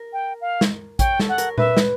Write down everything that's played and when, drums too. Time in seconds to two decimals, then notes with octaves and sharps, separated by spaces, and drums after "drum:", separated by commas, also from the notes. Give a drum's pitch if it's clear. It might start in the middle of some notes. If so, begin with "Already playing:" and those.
Already playing: A#4
0.13 G5
0.41 F5
0.61 drum: snare
0.99 C#5 G5, drum: kick, hi-hat
1.19 A4, drum: snare
1.29 F#5
1.38 A#4, drum: hi-hat
1.58 B4 E5, drum: tom A#2
1.77 drum: snare